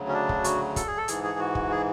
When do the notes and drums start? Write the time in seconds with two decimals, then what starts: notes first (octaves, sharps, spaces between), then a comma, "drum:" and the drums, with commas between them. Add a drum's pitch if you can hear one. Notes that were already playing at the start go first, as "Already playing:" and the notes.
Already playing: D2 C#3 F#3
0.09 C#4
0.13 D4
0.29 drum: kick
0.44 F#4, drum: hi-hat
0.76 A4, drum: kick, hi-hat
0.87 G#4
0.98 A4
1.08 G#2 E3 G#4, drum: hi-hat
1.24 G#4
1.39 F#4
1.55 drum: kick
1.71 G#4